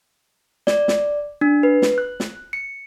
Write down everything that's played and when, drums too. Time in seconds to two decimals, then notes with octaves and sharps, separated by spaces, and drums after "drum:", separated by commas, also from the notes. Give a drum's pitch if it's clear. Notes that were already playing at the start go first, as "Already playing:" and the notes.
0.67 D5, drum: snare
0.88 drum: snare
1.41 D4
1.63 B4
1.82 drum: snare
1.98 F#6
2.20 drum: snare
2.53 C#7